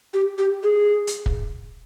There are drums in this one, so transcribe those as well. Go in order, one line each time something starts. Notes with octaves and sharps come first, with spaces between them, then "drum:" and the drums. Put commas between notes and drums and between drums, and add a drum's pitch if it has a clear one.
G4
G4
G#4
drum: hi-hat
drum: kick